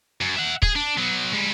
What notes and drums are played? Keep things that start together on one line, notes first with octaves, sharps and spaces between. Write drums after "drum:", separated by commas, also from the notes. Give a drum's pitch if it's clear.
F#2
E5 F#5
G#4, drum: kick
D4
B2 F#3
G#2 G3